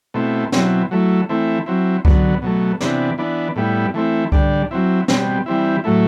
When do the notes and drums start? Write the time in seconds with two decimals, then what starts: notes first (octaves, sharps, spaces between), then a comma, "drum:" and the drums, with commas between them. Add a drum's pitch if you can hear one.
0.14 B2 A3 C4 E4
0.52 B2 F#3 C4 E4, drum: snare
0.91 F#3 A3 E4
1.29 E3 A3 C4 E4
1.66 F#3 C4 E4
2.05 D3 F#3 B3, drum: kick C2
2.42 B2 F#3 A3
2.80 C3 E3 B3 D4, drum: snare
3.18 E3 B3 D4
3.56 A2 G3 B3 E4
3.94 E3 A3 C4 E4
4.32 D3 G3 D4, drum: kick C2
4.71 F#3 C4 E4
5.08 B2 G3 C4, drum: snare
5.46 E3 G3 C4 E4
5.84 A2 F#3 A3 E4